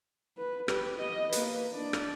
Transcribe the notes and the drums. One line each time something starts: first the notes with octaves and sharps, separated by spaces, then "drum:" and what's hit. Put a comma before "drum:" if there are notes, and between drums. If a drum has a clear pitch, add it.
B4
G4 B4, drum: rim click
D#5
A#3 B4, drum: hi-hat
D4 D5
drum: rim click